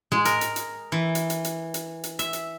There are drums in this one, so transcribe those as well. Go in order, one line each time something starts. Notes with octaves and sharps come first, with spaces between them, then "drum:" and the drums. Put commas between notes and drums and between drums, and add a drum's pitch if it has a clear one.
G#3, drum: tom A2
A#4, drum: hi-hat
drum: hi-hat
drum: hi-hat
E3
drum: hi-hat
drum: hi-hat
drum: hi-hat
drum: hi-hat
drum: hi-hat
E5, drum: hi-hat
drum: hi-hat